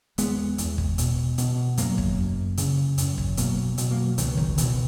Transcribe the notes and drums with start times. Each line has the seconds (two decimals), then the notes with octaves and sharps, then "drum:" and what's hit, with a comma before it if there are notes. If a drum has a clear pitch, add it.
0.18 E2 G#3 B3, drum: hi-hat
0.58 E2, drum: hi-hat
0.78 drum: kick
0.98 B2, drum: hi-hat
1.38 B2, drum: hi-hat
1.77 F#2 F#3 A#3, drum: hi-hat
1.98 drum: kick
2.18 F#2
2.57 C#3, drum: hi-hat
2.98 F#2, drum: hi-hat
3.18 drum: kick
3.37 B2 F#3 A#3, drum: hi-hat
3.78 B2, drum: hi-hat
3.91 F#3 A#3
4.18 C#2 D#3 F#3, drum: hi-hat
4.37 D#3, drum: kick
4.58 B2 E3, drum: hi-hat